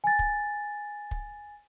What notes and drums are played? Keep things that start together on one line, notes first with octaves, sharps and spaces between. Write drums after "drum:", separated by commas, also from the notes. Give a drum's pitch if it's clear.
G#5 A6
drum: kick
drum: kick